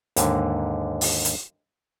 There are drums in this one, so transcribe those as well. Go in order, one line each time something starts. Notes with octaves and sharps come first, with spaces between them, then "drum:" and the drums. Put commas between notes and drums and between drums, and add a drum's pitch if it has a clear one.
D#2 G#2 D3, drum: hi-hat
drum: open hi-hat
drum: hi-hat